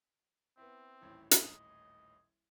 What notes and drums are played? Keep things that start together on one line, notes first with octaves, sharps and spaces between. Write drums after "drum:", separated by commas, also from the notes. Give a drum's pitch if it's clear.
B3 C4 E4
D#1 A1 A2
D#5, drum: hi-hat